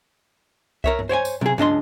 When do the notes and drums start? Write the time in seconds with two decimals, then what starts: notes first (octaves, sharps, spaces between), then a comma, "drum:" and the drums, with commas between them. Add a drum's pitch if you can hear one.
0.84 A#4 C#5 E5, drum: kick C2
0.99 drum: tom G2
1.09 C5 C#5 G5 G#5
1.25 drum: tambourine
1.41 C3 G#4, drum: tom
1.58 C#2 D4 D#5 C6, drum: tom G2